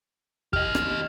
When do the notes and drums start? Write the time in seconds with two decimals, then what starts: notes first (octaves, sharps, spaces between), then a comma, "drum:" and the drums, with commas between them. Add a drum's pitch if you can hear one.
0.53 G4 D#5 F6, drum: kick
0.75 drum: rim click